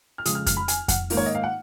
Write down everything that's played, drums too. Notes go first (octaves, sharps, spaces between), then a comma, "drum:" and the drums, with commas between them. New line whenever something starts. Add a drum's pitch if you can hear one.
F6
F2 C#3 G#3 D#6, drum: hi-hat
F6
F6, drum: kick F2, hi-hat
B5
G#5, drum: hi-hat
F#5, drum: kick F2, hi-hat
G#2 D#3 A#3 D#4, drum: open hi-hat
C#5
D#5
F5
F#5